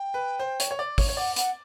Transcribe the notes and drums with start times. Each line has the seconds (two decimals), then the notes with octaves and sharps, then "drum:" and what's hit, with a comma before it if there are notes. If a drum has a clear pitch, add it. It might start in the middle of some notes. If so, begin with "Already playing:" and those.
Already playing: G5
0.14 B4
0.40 C5
0.60 C#5, drum: hi-hat
0.71 C#5
0.79 D5
0.98 C#5, drum: kick, open hi-hat
1.09 C#5
1.17 D5 F#5
1.36 F#5, drum: hi-hat